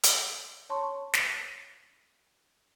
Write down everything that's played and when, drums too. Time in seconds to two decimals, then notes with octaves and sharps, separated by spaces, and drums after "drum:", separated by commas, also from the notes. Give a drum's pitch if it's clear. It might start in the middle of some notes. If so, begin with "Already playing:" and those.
0.03 drum: hi-hat
0.70 C#5 A5 C6 C#6
1.13 drum: snare